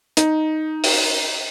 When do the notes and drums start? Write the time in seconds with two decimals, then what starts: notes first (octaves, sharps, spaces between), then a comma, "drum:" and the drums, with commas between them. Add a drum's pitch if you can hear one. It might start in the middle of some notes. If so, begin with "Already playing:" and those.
0.17 D#4, drum: hi-hat
0.84 drum: open hi-hat